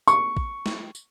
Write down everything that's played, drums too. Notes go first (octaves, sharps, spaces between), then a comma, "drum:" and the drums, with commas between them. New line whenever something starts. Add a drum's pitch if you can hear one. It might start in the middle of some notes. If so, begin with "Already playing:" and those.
C#6, drum: tambourine
drum: kick
drum: snare
drum: tambourine